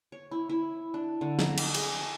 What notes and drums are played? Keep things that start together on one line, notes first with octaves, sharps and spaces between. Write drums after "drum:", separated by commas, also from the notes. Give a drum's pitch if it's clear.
C#5
E4
E4
D4
D3
A#5, drum: snare
D#5, drum: cymbal
G#4, drum: cymbal
A4